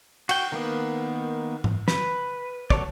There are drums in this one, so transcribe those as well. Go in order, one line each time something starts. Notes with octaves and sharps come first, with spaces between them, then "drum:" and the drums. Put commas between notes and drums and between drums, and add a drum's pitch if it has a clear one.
F#4 G5, drum: cymbal
D#3 A#3 B3
drum: tom G#2
B4, drum: snare
F#3 A4 C#5 D5, drum: kick